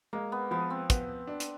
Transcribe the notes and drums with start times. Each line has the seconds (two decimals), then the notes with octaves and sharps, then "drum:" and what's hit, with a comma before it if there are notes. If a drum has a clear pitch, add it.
0.13 G#3 A#3
0.32 B3
0.51 F3 B3
0.70 C4
0.90 B3, drum: kick, hi-hat
1.27 D4
1.40 drum: hi-hat